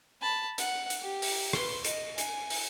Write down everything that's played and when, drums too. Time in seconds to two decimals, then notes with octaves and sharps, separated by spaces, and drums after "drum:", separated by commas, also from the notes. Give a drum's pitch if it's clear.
0.21 A5 B5
0.58 F#5, drum: hi-hat
0.90 drum: hi-hat
1.02 G4
1.22 drum: open hi-hat
1.53 B4 C6, drum: rim click
1.85 D#5, drum: hi-hat
2.18 G#5, drum: hi-hat
2.50 drum: open hi-hat